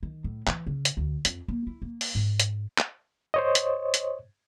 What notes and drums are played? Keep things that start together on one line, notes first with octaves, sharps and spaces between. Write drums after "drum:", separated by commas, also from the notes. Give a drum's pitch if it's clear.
D#3
A2
E3, drum: clap
C#3
drum: hi-hat
D2
F2, drum: hi-hat
A#3
E4
A#3
drum: open hi-hat
G#2
drum: hi-hat
drum: clap
C5 C#5 D#5
drum: hi-hat
drum: hi-hat